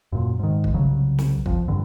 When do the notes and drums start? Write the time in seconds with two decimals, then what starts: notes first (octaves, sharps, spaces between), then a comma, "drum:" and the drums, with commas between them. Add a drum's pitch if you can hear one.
0.12 F#2 A#2
0.39 G#2 D#3
0.64 drum: kick
0.74 C2 C#3 F#3
1.18 drum: snare
1.46 F2 F3, drum: kick
1.68 C2 G2 D3